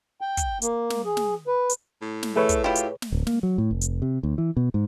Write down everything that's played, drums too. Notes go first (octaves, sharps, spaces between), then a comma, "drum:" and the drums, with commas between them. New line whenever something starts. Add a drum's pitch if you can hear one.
G5
drum: kick, hi-hat
A#3, drum: hi-hat
drum: snare
G#4
drum: snare
B4
drum: hi-hat
A2
drum: snare
A3 G#4 B4 C#5
drum: kick, hi-hat
E4 F4 G4
drum: hi-hat
drum: snare
D1
A#3, drum: snare
F#3
A2
F1
drum: hi-hat
C3
D2
E3
B2
G#2